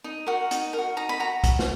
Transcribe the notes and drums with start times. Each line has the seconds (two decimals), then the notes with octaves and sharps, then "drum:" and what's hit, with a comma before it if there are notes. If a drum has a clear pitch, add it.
0.04 D#4
0.26 F#4 A#4
0.51 D#4, drum: hi-hat
0.73 A#4
0.78 F#4
0.97 D#4 A#5
1.09 B5
1.20 F#4 A#5
1.44 drum: kick, hi-hat
1.59 drum: snare